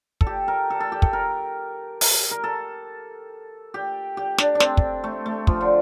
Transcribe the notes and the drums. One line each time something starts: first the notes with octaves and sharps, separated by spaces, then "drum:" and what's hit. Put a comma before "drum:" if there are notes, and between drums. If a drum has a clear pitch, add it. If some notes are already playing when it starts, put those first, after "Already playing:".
A4, drum: kick
G4
A#4
A4
A4
G4
A4, drum: kick
A#4
drum: open hi-hat
A#4
A4
G4
G4
D4, drum: snare
D4
C4, drum: snare
drum: kick
A3
A3
F3, drum: kick
D3